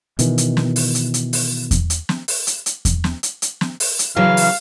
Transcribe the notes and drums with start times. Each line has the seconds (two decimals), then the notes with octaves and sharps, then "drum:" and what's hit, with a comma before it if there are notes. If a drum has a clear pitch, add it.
0.19 B2 D#3 E3, drum: hi-hat
0.38 drum: hi-hat
0.57 drum: snare
0.76 drum: open hi-hat
0.95 drum: hi-hat
1.14 drum: hi-hat
1.33 drum: open hi-hat
1.71 drum: kick E2, hi-hat
1.90 drum: hi-hat
2.09 drum: snare
2.28 drum: open hi-hat
2.47 drum: hi-hat
2.66 drum: hi-hat
2.85 drum: kick E2, hi-hat
3.04 drum: snare
3.23 drum: hi-hat
3.42 drum: hi-hat
3.61 drum: snare
3.80 drum: open hi-hat
3.99 drum: hi-hat
4.17 C#3 E3 F#3 F5
4.37 drum: open hi-hat